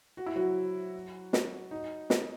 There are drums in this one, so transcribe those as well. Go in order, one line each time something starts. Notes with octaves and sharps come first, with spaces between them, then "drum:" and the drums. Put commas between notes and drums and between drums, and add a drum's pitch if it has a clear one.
F#4
E4
F#3 F#4
drum: snare
D#4
drum: snare